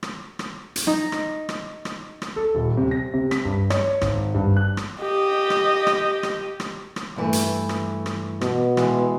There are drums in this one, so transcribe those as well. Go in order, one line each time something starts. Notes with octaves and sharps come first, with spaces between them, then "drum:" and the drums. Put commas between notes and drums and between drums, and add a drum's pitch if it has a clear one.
drum: rim click
drum: rim click
drum: hi-hat
D#4
drum: rim click
drum: rim click
drum: rim click
drum: rim click
A4
D#1
C3
A#6
C3
B6, drum: rim click
G2
C#5, drum: rim click
G#1, drum: rim click
G2
F#6
drum: rim click
G4 D#5
drum: rim click
drum: rim click
drum: rim click
drum: rim click
drum: rim click
G2 E3 A3
drum: hi-hat
drum: rim click
drum: rim click
B2, drum: rim click
E3 G#3, drum: rim click